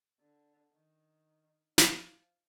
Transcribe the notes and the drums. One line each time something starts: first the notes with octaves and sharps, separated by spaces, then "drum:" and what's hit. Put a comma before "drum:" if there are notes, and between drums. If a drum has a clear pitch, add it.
D3
D#3
F3, drum: snare